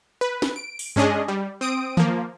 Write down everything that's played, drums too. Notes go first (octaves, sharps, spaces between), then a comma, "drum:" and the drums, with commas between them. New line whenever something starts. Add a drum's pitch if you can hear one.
B4
drum: snare
D7
drum: open hi-hat
G#3 C#4 D4 G#4 D#5, drum: tom G2
G3
C4 D#6 D7
F3 A#3, drum: tom D#3